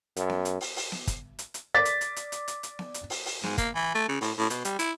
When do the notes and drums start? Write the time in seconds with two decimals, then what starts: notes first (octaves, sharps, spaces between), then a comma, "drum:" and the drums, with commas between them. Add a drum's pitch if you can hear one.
0.16 F#2, drum: hi-hat
0.30 drum: snare B3
0.45 drum: hi-hat
0.61 drum: open hi-hat
0.76 drum: open hi-hat
0.92 drum: snare B3
1.07 drum: kick, hi-hat
1.39 drum: hi-hat
1.54 drum: hi-hat
1.74 D5 D6 A6 B6
1.85 drum: hi-hat
2.01 drum: hi-hat
2.16 drum: hi-hat
2.32 drum: hi-hat
2.48 drum: hi-hat
2.63 drum: hi-hat
2.79 drum: snare B3
2.94 drum: hi-hat
3.10 drum: open hi-hat
3.25 drum: open hi-hat
3.43 G#2, drum: snare B3
3.58 A#3, drum: kick, hi-hat
3.75 E3
3.95 A3
4.08 C#3
4.21 A2, drum: open hi-hat
4.38 A2
4.50 B2, drum: hi-hat
4.65 G3, drum: hi-hat
4.79 E4, drum: hi-hat